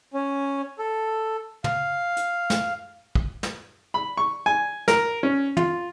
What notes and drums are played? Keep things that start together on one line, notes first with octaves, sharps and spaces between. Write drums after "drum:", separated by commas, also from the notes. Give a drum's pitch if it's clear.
C#4
A4
F5, drum: tom
drum: hi-hat
drum: snare
drum: kick
drum: snare
B5
C#6
G#5
A#4, drum: snare
C#4
F4, drum: tom